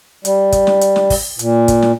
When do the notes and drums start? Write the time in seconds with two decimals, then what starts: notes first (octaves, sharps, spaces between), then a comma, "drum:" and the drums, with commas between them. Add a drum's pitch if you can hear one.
0.25 G3, drum: hi-hat
0.52 drum: kick, hi-hat
0.67 drum: snare
0.81 drum: hi-hat
0.96 drum: snare
1.10 drum: kick, open hi-hat
1.39 A#2, drum: hi-hat
1.68 drum: kick, hi-hat
1.82 drum: snare